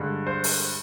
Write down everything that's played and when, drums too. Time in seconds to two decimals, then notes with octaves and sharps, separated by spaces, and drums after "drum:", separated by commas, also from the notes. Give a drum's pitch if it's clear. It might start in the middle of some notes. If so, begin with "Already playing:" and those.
Already playing: G2 D3 G#3
0.27 C5
0.44 drum: open hi-hat